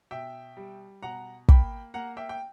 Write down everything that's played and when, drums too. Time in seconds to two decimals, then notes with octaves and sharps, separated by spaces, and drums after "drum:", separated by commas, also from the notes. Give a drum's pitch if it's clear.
0.11 B2 E5 G5
0.57 G3
1.03 B2 F#5 A#5
1.48 A#3 G5 B5, drum: kick
1.94 A#3 F#5 A#5
2.17 E5 G5
2.29 G5